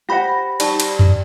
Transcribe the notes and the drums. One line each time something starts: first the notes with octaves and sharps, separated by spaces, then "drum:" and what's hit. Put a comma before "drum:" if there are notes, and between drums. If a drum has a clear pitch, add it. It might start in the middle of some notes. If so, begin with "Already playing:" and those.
G4 C5 F#5 B5 A#6
G3 D#4 A5, drum: cymbal
drum: cymbal
drum: tom F2